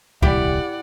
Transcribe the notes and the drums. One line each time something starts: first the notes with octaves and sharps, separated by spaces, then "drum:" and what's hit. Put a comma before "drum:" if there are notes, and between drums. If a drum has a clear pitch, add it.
D#1 C2 E4 G4 D5 F#5, drum: kick C#2